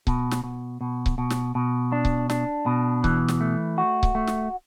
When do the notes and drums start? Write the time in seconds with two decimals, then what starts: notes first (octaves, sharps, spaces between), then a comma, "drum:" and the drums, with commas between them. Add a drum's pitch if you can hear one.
0.07 B2, drum: kick C#1
0.31 drum: snare
0.44 B2
0.81 B2
1.06 drum: kick C#1
1.18 B2
1.30 drum: snare
1.55 B2
1.92 D4
2.05 drum: kick C#1
2.30 D4, drum: snare
2.66 B2
3.04 E3, drum: kick C#1
3.28 drum: snare
3.41 A3
3.78 F#4
4.03 drum: kick C#1
4.15 A3
4.27 drum: snare